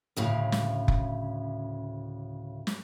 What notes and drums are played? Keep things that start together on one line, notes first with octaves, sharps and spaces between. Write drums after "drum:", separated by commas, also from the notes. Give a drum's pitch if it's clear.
D2 A2 C#3
drum: snare
drum: kick F1
drum: snare